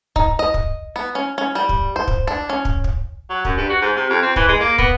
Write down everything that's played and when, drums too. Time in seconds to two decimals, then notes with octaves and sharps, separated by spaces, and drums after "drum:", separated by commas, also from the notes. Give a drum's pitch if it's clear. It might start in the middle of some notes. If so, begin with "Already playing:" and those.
0.16 D#4, drum: kick
0.39 D#5
0.54 drum: kick
0.96 B3
1.15 C#4
1.38 C#4
1.55 G3
1.69 drum: kick
1.96 C5
2.07 drum: kick
2.27 D4
2.49 C#4
2.65 drum: kick
2.84 drum: kick
3.30 F#3
3.45 F#2, drum: kick
3.57 G2
3.70 F#4
3.81 G#2
3.96 C3
4.10 F2
4.22 C4
4.36 E3, drum: kick
4.48 G#3
4.60 A#3
4.78 B3, drum: kick